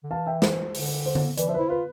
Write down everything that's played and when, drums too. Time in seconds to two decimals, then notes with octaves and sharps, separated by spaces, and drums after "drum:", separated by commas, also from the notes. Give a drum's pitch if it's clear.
0.04 D3
0.11 E3 F5 A5
0.26 E5 G5
0.42 C5, drum: snare
0.74 D3, drum: open hi-hat
1.06 C5
1.15 drum: tom D3
1.37 E3 B4 D5, drum: hi-hat
1.48 F3 C5 E5
1.54 B4
1.59 E4 C5
1.69 F4 B4